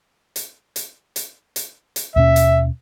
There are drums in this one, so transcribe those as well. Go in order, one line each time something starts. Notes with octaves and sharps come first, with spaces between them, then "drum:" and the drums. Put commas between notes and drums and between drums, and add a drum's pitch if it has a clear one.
drum: hi-hat
drum: hi-hat
drum: hi-hat
drum: hi-hat
drum: hi-hat
D#2 B2 C#4 E5
drum: hi-hat